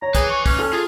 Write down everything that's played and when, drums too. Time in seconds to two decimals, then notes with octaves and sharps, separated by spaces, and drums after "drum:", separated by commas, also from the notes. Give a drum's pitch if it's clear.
0.02 C#5 A#5
0.15 G#4 B4 G#5, drum: kick, hi-hat
0.30 C#6
0.46 C#4, drum: kick, open hi-hat
0.59 A4 F6
0.73 F4 G#4